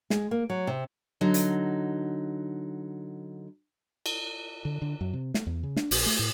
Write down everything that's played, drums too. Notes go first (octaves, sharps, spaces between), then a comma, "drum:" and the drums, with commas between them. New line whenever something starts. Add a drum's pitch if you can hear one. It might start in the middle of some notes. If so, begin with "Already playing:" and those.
G#3, drum: snare
A#3
F#3
C3
D3 F#3 D#4
drum: hi-hat
drum: cymbal
D3
D3
F#2
C3
A3, drum: snare
E2
C#3
D4, drum: snare
A#1, drum: open hi-hat
A3
A2